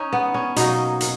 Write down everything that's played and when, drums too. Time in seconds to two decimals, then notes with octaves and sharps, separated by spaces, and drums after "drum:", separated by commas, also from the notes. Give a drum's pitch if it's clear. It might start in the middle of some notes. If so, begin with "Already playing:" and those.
Already playing: C#4 D#4
0.13 B3
0.34 C#4
0.56 B2 F#3 A#3 D#4, drum: hi-hat
1.01 drum: hi-hat